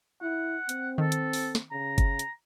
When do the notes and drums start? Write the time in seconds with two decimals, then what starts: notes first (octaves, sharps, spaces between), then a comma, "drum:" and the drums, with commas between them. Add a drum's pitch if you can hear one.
0.22 E4 F#5
0.69 C4, drum: hi-hat
0.98 D#3 A4
1.12 drum: hi-hat
1.33 drum: open hi-hat
1.55 drum: snare
1.72 C#3 A#5
1.98 drum: kick G1, hi-hat
2.19 drum: hi-hat